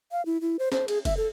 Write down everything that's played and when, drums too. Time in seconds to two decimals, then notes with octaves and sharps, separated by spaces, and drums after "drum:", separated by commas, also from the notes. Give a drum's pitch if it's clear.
0.12 F5
0.26 E4
0.41 E4
0.59 C5
0.72 C5, drum: snare
0.88 G#4, drum: cymbal
1.05 E5, drum: kick, cymbal
1.17 A4